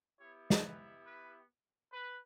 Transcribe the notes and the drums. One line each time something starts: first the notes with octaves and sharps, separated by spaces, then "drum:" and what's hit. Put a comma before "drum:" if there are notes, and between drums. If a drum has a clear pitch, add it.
B3 E4 G4 C#5
drum: snare
B4
B4
B4